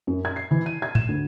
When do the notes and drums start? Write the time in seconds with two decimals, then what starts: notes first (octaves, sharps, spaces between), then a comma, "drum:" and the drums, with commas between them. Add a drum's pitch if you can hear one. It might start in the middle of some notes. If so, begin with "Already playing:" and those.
0.07 F#2
0.25 G#6
0.36 C7
0.51 E3
0.66 D#7
0.82 G#6
0.95 E7, drum: tom G#2
1.08 D2